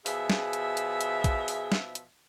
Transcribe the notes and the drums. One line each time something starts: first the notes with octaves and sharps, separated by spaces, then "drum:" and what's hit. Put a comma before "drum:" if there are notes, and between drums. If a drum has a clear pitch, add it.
B2 F3 G#4 E5, drum: open hi-hat
drum: snare
drum: hi-hat
drum: hi-hat
drum: hi-hat
drum: kick A#1, hi-hat
drum: open hi-hat
drum: snare
drum: hi-hat